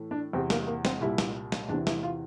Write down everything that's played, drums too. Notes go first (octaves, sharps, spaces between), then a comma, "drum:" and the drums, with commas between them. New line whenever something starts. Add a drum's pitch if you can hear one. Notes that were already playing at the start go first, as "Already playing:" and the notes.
Already playing: A2 E3 A3
D4
E2 C3 G3 C4
A#3, drum: snare
A#3
C4, drum: snare
C2 A#2 G3 E4
drum: snare
drum: snare
E2 C3 E3 D4
E4, drum: snare
F4